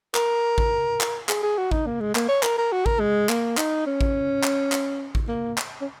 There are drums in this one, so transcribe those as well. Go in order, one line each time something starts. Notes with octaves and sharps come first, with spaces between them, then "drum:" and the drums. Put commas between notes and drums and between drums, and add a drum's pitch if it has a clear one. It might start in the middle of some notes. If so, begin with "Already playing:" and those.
A#4, drum: clap
drum: kick A1
drum: clap
G#4, drum: clap
G#4
F#4
D#4, drum: kick A1
A#3
G#3
A#3, drum: clap
C#5
A#4, drum: clap
A#4
F#4
A#4, drum: kick A1
G#3
A#3, drum: clap
D#4, drum: clap
C#4
drum: kick A1
drum: clap
drum: clap
drum: kick A1
A#3
drum: clap
C#4